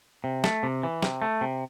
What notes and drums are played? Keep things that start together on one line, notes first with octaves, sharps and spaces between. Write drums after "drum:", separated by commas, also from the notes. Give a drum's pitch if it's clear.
C3
A3, drum: snare
C3
E3
C3, drum: snare
A3
C3